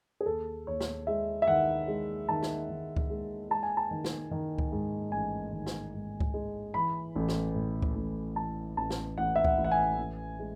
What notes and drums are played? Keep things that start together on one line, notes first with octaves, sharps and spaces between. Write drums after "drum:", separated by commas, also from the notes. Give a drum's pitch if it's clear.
G#4
D#2 A4
D#2 C#5
drum: snare
G#3 E5
E5
D#3 F#5
G#3
D#3 A5
drum: snare
D#3
drum: kick C#2
G#3
G#3 A5
G#5
A5
D#3
drum: snare
D#3
drum: kick C#2
G#2
A1 G#5
D#3
drum: snare
G#2
drum: kick C#2
G#3
E3 B5
A1
drum: snare
A2
drum: kick C#2
A1
E3 A5
A1 A5
drum: snare
A1 F#5
E5
F#5, drum: kick C#2
A1
F#5
G#5
A1
G#3